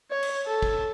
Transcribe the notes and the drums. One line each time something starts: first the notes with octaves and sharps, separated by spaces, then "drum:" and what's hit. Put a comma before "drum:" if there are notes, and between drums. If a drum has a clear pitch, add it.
C#5
drum: cymbal
A4
drum: kick